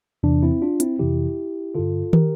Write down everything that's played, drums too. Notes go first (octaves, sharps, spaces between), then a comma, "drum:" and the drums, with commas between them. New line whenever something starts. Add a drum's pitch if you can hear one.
E2 C3 E3 D4
C4 E4
D4 F4
C4 E4, drum: hi-hat
F2 C3 E3 E4 G4
G2 D3 F4 A4
G4 A#4, drum: tom